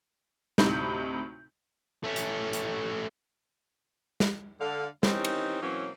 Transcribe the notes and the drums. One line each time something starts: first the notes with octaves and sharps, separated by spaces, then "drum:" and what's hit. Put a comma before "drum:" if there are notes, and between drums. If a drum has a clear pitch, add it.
D2 A2 C3 D#4 B5 G6, drum: snare
A3 C#4
drum: hi-hat
drum: hi-hat
drum: snare
D3 F5
D#3 E3 C4 C#4 D#4 G4, drum: snare
drum: cymbal
B2 E3 F#3 A#3 C4 C#4